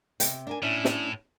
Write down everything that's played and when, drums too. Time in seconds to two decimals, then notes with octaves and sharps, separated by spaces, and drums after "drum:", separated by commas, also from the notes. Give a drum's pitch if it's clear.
0.20 C3 G5, drum: hi-hat
0.47 D4 A#4 G#5
0.63 A2 C#4 D4 E4
0.85 drum: snare